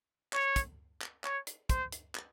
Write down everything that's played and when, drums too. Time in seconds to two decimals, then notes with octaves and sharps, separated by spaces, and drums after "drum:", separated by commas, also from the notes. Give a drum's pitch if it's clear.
0.33 C#5, drum: clap
0.56 drum: kick, hi-hat
1.02 drum: clap
1.24 C#5, drum: clap
1.47 drum: hi-hat
1.70 C5, drum: kick, hi-hat
1.92 drum: hi-hat
2.15 drum: clap